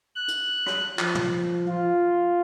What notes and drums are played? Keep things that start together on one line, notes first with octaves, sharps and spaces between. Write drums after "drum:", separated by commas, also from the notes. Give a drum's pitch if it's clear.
F#6
drum: hi-hat
drum: rim click
F3, drum: clap
drum: tom
F4